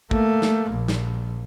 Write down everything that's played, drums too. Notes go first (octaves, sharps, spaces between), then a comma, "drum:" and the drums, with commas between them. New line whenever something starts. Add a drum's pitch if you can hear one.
A3 A#3, drum: kick
drum: snare
A#1
drum: snare